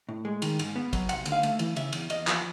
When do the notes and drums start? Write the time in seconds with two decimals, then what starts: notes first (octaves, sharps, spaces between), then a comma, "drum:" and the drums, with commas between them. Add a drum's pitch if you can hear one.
0.09 A2
0.25 G#3
0.42 D#3, drum: cymbal
0.59 G#2, drum: cymbal
0.76 B3
0.93 F#3, drum: kick, cymbal
1.09 C3 F#5, drum: cymbal
1.26 D2, drum: cymbal
1.32 F5
1.43 A3, drum: cymbal
1.59 E3, drum: cymbal
1.76 C#3 E5, drum: cymbal
1.93 E2, drum: cymbal
2.10 E2 D#5, drum: cymbal
2.27 F3, drum: clap